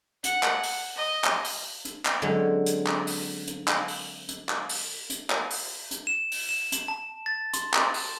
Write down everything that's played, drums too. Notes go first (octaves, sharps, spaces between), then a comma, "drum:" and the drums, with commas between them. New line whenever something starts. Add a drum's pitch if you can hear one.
F#5, drum: hi-hat
drum: clap
drum: open hi-hat
D#5
drum: clap
drum: open hi-hat
drum: hi-hat
drum: clap
D3 F#3 G#3 C4 C#4
drum: hi-hat
drum: clap
drum: open hi-hat
drum: hi-hat
drum: clap
drum: open hi-hat
drum: hi-hat
drum: clap
drum: open hi-hat
drum: hi-hat
drum: clap
drum: open hi-hat
drum: hi-hat
E7
drum: open hi-hat
E7
drum: hi-hat
A5
A6
C6, drum: hi-hat
drum: clap
drum: open hi-hat